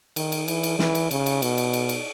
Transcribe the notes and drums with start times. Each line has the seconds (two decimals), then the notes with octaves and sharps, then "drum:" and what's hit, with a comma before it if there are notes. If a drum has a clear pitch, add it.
0.16 D#3, drum: cymbal
0.32 drum: cymbal
0.48 E3, drum: cymbal
0.63 drum: cymbal
0.79 E3, drum: snare
0.95 drum: cymbal
1.11 C#3, drum: cymbal
1.26 drum: cymbal
1.42 B2, drum: cymbal
1.58 drum: cymbal
1.73 drum: cymbal
1.89 drum: cymbal